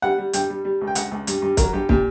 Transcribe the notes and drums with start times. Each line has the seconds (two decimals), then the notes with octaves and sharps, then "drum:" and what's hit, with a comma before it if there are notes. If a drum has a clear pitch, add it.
0.02 G3 F#5
0.18 G3
0.33 G2 G5, drum: hi-hat
0.50 G3
0.65 G3
0.81 C#2
0.87 G5
0.95 C#2 F#5, drum: hi-hat
1.11 C#2
1.27 G2, drum: hi-hat
1.42 G2
1.57 F#3 A#4, drum: kick, hi-hat
1.73 G2 G4
1.89 A#2 G4, drum: kick